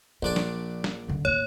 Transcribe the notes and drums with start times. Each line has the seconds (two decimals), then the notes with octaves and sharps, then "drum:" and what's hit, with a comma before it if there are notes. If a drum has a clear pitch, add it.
0.23 A#1 F3 D4 D5
0.36 drum: snare
0.84 drum: snare
1.08 F#2 D3
1.25 A1 D#2 C#5